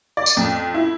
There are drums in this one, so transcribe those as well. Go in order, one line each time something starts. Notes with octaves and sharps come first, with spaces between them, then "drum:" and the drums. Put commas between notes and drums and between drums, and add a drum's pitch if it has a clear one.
D5
drum: tambourine
F2
E4